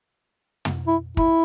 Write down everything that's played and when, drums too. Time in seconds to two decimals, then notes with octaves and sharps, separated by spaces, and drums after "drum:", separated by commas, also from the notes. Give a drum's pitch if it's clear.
0.65 drum: tom
0.87 E4
1.17 E4, drum: kick